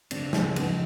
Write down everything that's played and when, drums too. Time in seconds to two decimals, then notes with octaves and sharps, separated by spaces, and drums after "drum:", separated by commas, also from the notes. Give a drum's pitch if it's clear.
0.11 C#3 C4 D4, drum: cymbal
0.33 C#3 C4 D4, drum: snare
0.46 D4
0.56 F3 B3 C#4, drum: cymbal
0.70 D#4